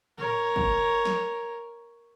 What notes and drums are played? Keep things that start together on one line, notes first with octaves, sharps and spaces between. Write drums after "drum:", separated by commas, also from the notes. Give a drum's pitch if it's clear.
A#4 C#5, drum: tom A2
drum: kick
drum: snare